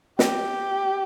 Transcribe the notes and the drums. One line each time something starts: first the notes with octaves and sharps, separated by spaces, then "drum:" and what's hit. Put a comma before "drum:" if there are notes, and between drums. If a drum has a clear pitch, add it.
G4, drum: snare